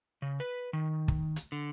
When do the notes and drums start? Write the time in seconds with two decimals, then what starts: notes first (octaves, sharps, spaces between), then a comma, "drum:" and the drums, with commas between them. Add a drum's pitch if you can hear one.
0.22 C#3
0.40 B4
0.73 D#3
1.08 drum: kick
1.36 drum: hi-hat
1.52 D3